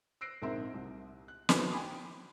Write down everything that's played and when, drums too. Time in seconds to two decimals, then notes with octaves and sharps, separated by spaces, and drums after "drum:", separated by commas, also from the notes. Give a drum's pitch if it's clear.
0.21 E6 F#6 A#6 C7 D7
0.42 A#1 G#2 C4 A#4 E5 C6
0.74 C2
1.28 F#6
1.49 C#4 E4 F#4 B4 C5, drum: snare
1.71 G5 G#5 B5 C6 D6 D#6